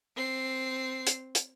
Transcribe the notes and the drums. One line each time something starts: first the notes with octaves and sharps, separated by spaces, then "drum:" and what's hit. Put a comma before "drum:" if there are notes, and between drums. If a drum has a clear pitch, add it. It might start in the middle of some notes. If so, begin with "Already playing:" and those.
C4 C7
drum: hi-hat
drum: hi-hat